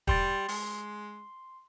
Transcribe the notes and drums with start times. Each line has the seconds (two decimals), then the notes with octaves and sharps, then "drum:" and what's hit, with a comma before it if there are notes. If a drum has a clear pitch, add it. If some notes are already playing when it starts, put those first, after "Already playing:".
0.07 G3 G5 C6 A6, drum: kick
0.48 G#3 C6, drum: open hi-hat